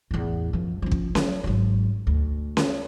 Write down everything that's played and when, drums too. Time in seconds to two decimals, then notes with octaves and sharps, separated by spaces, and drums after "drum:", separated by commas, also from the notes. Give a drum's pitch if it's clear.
0.11 A1 E2
0.53 F#2 F3
0.82 F3 C#4
0.91 drum: kick
1.15 F#3, drum: snare C#4
1.44 G#1 F#3
2.07 D2
2.57 drum: snare C#4